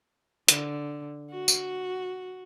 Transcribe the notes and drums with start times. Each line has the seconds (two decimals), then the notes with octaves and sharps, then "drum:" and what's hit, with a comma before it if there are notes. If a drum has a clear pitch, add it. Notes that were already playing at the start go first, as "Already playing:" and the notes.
0.48 D3, drum: hi-hat
1.31 F#4
1.48 drum: tambourine